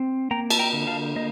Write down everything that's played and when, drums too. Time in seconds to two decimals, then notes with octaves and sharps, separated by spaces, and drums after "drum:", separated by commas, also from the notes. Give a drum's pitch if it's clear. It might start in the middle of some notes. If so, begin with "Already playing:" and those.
Already playing: C4
0.31 A#3 G5 A#5
0.50 A5, drum: cymbal
0.59 G5 A#5
0.73 D3
0.87 F5 A5
1.16 A#3 D#5